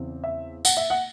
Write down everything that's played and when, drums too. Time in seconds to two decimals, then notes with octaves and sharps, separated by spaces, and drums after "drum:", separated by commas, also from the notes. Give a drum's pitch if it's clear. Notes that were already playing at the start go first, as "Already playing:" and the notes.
Already playing: E2 C#3 E3 C4
0.24 E5
0.65 F#5, drum: tambourine
0.77 E5
0.90 F#5